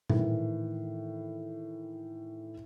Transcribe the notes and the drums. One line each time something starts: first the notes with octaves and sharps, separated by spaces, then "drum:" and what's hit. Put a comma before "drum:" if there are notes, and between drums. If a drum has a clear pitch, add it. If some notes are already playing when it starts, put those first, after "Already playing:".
A2 D#3 E3, drum: tom A#2